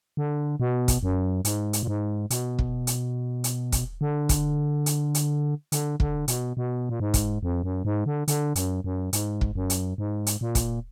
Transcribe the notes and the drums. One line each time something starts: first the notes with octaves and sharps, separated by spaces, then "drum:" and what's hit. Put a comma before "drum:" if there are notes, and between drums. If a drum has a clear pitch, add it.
D3
B2
drum: kick, hi-hat
F#2
G#2, drum: hi-hat
drum: hi-hat
A#2
G#2
B2, drum: hi-hat
drum: kick
drum: hi-hat
drum: hi-hat
drum: kick, hi-hat
D3
drum: kick, hi-hat
drum: hi-hat
drum: hi-hat
D3, drum: hi-hat
D3, drum: kick
B2, drum: hi-hat
B2
A#2
G#2
drum: kick, hi-hat
F2
F#2
G#2
D3
D3, drum: hi-hat
F#2, drum: hi-hat
F#2
G#2, drum: hi-hat
drum: kick
F#2
drum: hi-hat
G#2
drum: hi-hat
A#2
drum: kick, hi-hat